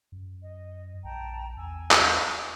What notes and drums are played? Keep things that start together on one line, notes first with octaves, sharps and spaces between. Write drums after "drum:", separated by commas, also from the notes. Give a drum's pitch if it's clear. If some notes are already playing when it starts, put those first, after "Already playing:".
F#2
D#5
A#1 G5 A5 A#5
E2 G#5 E6
drum: clap